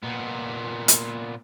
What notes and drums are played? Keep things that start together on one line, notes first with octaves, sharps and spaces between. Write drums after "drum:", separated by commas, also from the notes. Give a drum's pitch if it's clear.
A#2 B3
drum: hi-hat